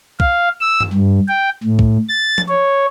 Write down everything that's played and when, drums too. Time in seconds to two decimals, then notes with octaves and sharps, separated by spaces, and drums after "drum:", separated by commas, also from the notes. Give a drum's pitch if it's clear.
0.20 F5, drum: kick
0.61 E6
0.80 drum: tom F#2
0.93 G2
1.28 G5
1.63 A2
1.79 drum: kick
2.08 A6
2.38 drum: tom F3
2.49 C#5